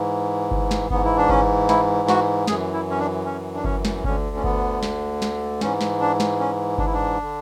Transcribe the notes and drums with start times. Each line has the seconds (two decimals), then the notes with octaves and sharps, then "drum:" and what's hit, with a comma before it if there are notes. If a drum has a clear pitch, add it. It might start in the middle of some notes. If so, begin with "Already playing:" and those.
Already playing: G#2 E3
0.51 drum: kick G1
0.71 drum: snare
0.90 G#2 E3 B3, drum: kick G1
1.05 E4
1.17 D4
1.29 C#4, drum: kick G1
1.69 E4, drum: snare
2.08 F#4, drum: snare
2.47 F#2 E3 G#4, drum: snare
2.73 E4
2.90 C#4
2.99 D4
3.25 C#4
3.55 D4
3.64 C#4, drum: kick G1
3.85 drum: snare
4.04 D2 D3 C#4, drum: kick G1
4.36 C#4
4.44 B3, drum: kick G1
4.83 drum: snare
5.22 drum: snare
5.61 G#2 E3 C#4, drum: snare
5.81 drum: snare
6.01 D4
6.20 drum: snare
6.40 C#4
6.78 D4, drum: kick G1
6.86 E4
6.93 D4
7.22 D3